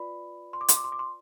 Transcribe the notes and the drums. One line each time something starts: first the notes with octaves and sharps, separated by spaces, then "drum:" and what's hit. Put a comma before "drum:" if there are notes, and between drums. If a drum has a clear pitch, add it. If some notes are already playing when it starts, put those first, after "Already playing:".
Already playing: F4 B4 D5 B5
C6
D6
C6, drum: hi-hat
D6
C6
D6
C6